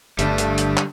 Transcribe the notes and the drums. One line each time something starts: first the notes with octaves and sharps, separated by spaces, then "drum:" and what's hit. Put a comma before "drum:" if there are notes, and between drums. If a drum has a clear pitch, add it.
G1 D3 G3 A3 D4, drum: hi-hat
drum: hi-hat
drum: hi-hat
drum: clap